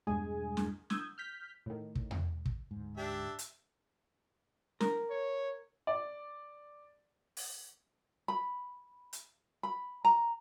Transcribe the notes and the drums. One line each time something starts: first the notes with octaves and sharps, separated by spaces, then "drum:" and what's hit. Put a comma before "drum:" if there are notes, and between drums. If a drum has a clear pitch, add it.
B1 E2 G2 G#3 G#4 G#5
drum: snare
D#6 E6 G6 G#6, drum: snare
F6 G6 B6
A2 D#3
drum: kick
drum: tom E2
drum: kick
D1 G#2
D4 G4 E5
drum: hi-hat
A#4, drum: snare
C#5
D5
drum: open hi-hat
B5
drum: hi-hat
B5
A#5